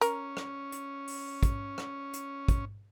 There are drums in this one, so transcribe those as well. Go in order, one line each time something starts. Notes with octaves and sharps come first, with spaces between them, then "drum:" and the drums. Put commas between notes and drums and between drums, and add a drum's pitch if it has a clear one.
C#4 A#4, drum: hi-hat
drum: rim click
drum: hi-hat
drum: open hi-hat
drum: kick, hi-hat
drum: rim click
drum: hi-hat
drum: kick, hi-hat